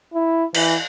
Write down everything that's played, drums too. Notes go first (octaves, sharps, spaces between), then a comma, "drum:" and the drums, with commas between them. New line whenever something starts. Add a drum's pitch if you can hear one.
E4
E3, drum: cymbal